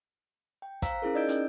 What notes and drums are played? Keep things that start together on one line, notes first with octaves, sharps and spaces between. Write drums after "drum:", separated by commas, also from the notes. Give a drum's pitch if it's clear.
G5
C5 F5 A#5 E6 B6, drum: kick, hi-hat
C#4 E4 G#4 A#4
D#4 D5 D#5 E6 G6 D7
C#4, drum: hi-hat